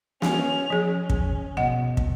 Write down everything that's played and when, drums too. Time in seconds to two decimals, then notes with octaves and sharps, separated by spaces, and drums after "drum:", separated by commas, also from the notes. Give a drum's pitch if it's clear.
0.22 C#4 F7, drum: snare
0.70 F3 C#4 G#4
1.10 drum: kick
1.57 B2 D#5 F#5
1.97 drum: kick